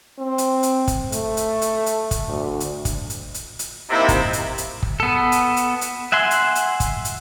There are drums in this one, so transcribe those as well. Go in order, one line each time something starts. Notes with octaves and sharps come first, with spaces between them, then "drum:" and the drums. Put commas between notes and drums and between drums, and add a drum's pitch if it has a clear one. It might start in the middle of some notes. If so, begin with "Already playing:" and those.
C4
drum: hi-hat
drum: hi-hat
drum: kick, hi-hat
A3, drum: hi-hat
drum: hi-hat
drum: hi-hat
drum: hi-hat
drum: kick, hi-hat
D2
drum: hi-hat
drum: kick, hi-hat
drum: hi-hat
drum: hi-hat
drum: hi-hat
C3 A#3 D#4 E4
drum: kick, hi-hat
drum: hi-hat
drum: hi-hat
drum: kick
B3 A4
drum: hi-hat
drum: hi-hat
drum: hi-hat
E5 F#5 G#5 C6
drum: hi-hat
drum: hi-hat
drum: kick, hi-hat
drum: hi-hat